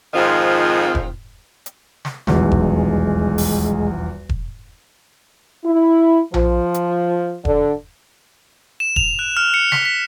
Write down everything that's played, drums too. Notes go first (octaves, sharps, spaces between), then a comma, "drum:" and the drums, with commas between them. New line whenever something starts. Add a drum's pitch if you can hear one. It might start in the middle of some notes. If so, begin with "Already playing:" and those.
F2 G#2 D#3 F3 C4 F4
drum: kick E1
drum: hi-hat
drum: snare
D#1 B1 E2 G#3, drum: snare
drum: kick E1
drum: open hi-hat
drum: kick E1
E4
F3, drum: tom A#1
drum: hi-hat
D3, drum: kick E1
E7
F7, drum: kick E1
F#6
F6
C#7
B6, drum: snare
B6